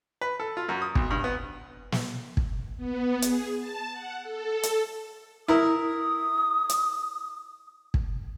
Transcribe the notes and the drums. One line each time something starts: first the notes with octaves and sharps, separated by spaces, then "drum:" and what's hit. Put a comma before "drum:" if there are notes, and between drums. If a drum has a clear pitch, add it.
B4
A4
F4
F#2
D#6
B1, drum: kick
G2
B3
drum: snare
drum: kick
B3
G#4, drum: hi-hat
A5
F#5
A4
drum: hi-hat
E4 A#4 D#6
drum: hi-hat
drum: kick